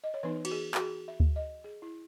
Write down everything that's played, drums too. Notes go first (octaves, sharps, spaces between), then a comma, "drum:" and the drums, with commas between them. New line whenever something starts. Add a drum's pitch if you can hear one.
D#5
C#5
E3 B3 D#4 B4
F#4, drum: cymbal
G#4
F#4, drum: clap
G#4
E5
drum: kick D2
D#5
G#4
E4